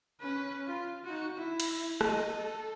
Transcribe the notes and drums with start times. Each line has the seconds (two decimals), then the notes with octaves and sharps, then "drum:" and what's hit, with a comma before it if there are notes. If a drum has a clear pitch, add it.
0.20 C#4 B4
0.66 F4
1.05 D#4 F#4
1.37 E4
1.60 drum: cymbal
2.01 A4 D#5, drum: rim click
2.37 A4